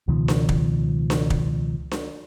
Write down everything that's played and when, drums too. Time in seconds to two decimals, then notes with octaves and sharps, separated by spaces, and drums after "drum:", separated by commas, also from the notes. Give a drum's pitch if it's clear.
0.08 C#2 B2 D#3 F3
0.28 drum: snare D4
0.49 drum: kick
1.10 drum: snare D4
1.30 drum: kick
1.91 drum: snare D4